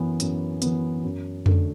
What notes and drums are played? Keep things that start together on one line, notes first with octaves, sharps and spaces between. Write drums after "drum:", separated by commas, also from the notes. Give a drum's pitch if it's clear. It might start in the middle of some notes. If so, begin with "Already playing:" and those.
Already playing: F#2 E3 B3
F#2, drum: hi-hat
E3 B3, drum: hi-hat
F#2
D3 A3, drum: tom F2